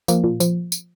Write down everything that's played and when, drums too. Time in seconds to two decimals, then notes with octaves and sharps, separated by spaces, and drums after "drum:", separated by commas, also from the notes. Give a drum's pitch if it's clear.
0.08 F3 A#3, drum: tambourine
0.24 A#2
0.40 F3, drum: tambourine
0.72 drum: tambourine